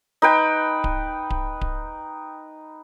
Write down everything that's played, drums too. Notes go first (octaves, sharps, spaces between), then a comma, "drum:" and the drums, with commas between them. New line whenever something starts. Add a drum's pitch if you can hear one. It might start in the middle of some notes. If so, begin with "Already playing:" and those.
D#4 B4 G5
drum: kick D1
drum: kick D1
drum: kick D1